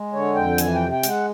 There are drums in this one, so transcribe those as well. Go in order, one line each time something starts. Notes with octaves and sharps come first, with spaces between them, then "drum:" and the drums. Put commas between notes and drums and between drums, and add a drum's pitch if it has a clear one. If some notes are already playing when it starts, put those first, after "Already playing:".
Already playing: G#3
D3 C#5
F2 G5
E3 G#5, drum: hi-hat
G5
C3
G5
G#3 F#5, drum: hi-hat